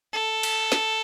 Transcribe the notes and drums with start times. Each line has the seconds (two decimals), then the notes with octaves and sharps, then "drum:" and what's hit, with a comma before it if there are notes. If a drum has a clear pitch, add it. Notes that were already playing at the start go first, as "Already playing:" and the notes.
0.13 A4
0.43 drum: cymbal
0.72 drum: snare